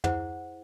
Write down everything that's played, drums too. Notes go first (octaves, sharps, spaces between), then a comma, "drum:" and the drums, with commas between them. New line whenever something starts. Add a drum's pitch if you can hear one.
E4 G#4 C5 F#5, drum: tom